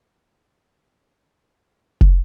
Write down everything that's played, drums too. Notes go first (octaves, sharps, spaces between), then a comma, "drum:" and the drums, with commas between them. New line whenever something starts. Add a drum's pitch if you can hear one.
A#3 E5
drum: kick F1